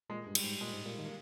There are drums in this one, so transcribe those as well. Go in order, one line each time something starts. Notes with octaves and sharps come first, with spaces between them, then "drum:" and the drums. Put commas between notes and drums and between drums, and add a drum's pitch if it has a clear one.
A#2 G#3
G2
G3, drum: cymbal
G#2
A#2 G#3
G#2
A#2 A#3
D#3
A#3